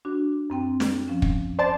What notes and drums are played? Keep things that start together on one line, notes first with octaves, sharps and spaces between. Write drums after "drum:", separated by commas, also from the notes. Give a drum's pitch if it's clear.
D4 F#4
F#2 C4 G5
drum: snare
F3 C#4
drum: kick
C5 D5 A5